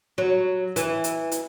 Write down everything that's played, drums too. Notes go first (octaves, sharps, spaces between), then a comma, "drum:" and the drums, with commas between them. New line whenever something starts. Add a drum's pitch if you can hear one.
F#3
E3, drum: hi-hat
drum: hi-hat
drum: hi-hat